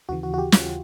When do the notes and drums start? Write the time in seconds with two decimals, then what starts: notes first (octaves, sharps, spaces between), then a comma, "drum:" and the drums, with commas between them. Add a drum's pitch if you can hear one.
0.09 D#2 C#3 E3 F#4
0.23 F#4
0.34 F#4
0.38 G4
0.52 F4, drum: snare